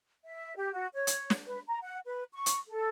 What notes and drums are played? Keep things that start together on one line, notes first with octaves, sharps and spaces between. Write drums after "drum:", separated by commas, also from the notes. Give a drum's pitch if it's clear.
E5
G4
F#4
C#5
drum: hi-hat
drum: snare
B4
A#5
F#5
B4
C#6
drum: hi-hat
A4